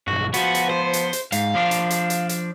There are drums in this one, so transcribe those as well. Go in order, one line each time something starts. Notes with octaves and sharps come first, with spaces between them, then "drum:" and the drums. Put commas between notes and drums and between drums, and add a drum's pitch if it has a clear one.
B1 G2 F#4
F3 B3 F#4, drum: hi-hat
drum: hi-hat
C5
drum: hi-hat
drum: hi-hat
G#2 F5, drum: hi-hat
F3 D4
drum: hi-hat
drum: hi-hat
drum: hi-hat
drum: hi-hat